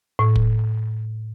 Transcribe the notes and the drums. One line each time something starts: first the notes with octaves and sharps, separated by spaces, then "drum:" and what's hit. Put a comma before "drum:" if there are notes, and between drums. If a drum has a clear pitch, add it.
A2
drum: kick